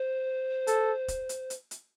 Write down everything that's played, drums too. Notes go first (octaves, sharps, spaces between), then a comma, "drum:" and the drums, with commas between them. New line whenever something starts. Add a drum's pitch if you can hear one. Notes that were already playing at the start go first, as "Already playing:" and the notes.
Already playing: C5
A4, drum: hi-hat
drum: kick, hi-hat
drum: hi-hat
drum: hi-hat
drum: hi-hat